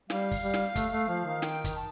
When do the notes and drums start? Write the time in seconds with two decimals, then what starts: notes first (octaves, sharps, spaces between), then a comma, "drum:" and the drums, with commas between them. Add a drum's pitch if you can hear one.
0.10 G3 F5, drum: snare
0.31 drum: kick, open hi-hat
0.42 G3
0.54 drum: snare
0.75 A3, drum: kick, hi-hat
0.93 A3
1.09 F3
1.25 D#3
1.42 G5, drum: snare
1.64 drum: kick, hi-hat
1.75 A5